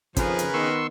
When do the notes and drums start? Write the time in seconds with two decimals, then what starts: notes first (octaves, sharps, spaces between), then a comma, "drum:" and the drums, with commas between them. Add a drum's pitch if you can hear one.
0.16 F2 D#3 F3 C#4 G#4 A#4 B4, drum: kick, hi-hat
0.39 drum: hi-hat
0.54 D#3 B3 C6 C#6 E6